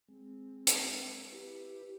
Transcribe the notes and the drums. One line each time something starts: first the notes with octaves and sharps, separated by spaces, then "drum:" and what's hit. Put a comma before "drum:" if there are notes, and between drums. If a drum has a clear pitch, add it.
G#3 C4
drum: hi-hat
E4 G4 B4